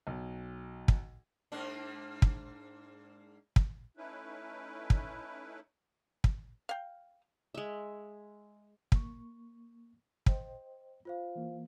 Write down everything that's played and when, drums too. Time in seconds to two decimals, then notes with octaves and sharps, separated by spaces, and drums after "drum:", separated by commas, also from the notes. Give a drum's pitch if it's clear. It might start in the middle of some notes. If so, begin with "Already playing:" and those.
0.07 B1
0.88 drum: kick
1.52 G#2 A#3 D4
2.22 drum: kick
3.56 drum: kick
3.97 A3 C#4 D#4 E4 B4
4.90 drum: kick
6.24 drum: kick
6.69 F5 G5
7.54 G#3 E5
8.92 A#3 C#6, drum: kick
10.26 C5 D#5 G5, drum: kick
11.05 F4 C5 F5
11.35 E3 A#3